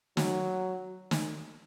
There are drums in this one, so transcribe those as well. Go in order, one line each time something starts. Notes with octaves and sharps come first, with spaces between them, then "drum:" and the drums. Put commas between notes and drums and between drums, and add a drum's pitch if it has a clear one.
F#3, drum: snare
drum: snare